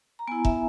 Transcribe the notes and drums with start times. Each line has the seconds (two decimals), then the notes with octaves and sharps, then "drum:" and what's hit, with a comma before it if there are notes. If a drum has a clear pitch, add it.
0.19 A#5
0.27 B3 E4 G#5
0.45 E5, drum: kick F1